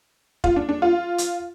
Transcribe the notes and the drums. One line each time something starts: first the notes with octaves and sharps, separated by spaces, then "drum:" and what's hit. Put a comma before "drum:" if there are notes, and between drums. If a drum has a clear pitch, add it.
F4, drum: kick F1
D4
D4
F4
drum: hi-hat